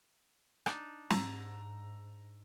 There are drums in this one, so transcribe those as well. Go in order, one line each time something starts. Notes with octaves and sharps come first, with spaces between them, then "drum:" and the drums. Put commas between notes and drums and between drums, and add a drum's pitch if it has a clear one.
D4 D#4, drum: rim click
G#2 A#5 E6, drum: snare